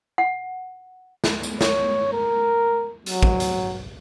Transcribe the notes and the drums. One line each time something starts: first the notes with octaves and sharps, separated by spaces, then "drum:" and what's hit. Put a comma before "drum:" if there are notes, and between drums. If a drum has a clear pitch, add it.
F#5
drum: snare
drum: tambourine
C#5, drum: snare
A#4
F#3, drum: hi-hat
drum: kick
drum: hi-hat